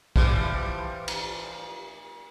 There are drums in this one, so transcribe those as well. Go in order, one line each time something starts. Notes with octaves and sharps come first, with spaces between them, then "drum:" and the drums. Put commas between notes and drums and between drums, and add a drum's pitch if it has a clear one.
E3 F3 G3, drum: kick
drum: cymbal